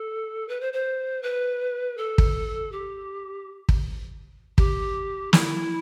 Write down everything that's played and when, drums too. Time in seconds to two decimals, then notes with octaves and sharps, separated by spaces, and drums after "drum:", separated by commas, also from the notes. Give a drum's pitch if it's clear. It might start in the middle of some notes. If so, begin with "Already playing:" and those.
Already playing: A4
0.49 B4
0.61 C5
0.73 C5
1.23 B4
1.97 A4
2.18 drum: kick
2.72 G4
3.69 drum: kick
4.58 G4, drum: kick
5.33 E4, drum: snare